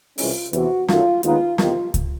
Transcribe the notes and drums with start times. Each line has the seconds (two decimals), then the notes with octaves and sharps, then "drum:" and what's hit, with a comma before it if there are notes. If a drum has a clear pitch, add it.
0.18 C2 C3 E3 G#3 C#4 F4, drum: open hi-hat
0.53 E2 C3 E3 F#4, drum: hi-hat
0.88 F#2 D#3 F#3 A3 F4, drum: snare
1.23 D#2 D#3 G#3 B3 D#4 F4, drum: hi-hat
1.58 E2 C3 D#3 F4, drum: snare
1.94 drum: kick C#2, hi-hat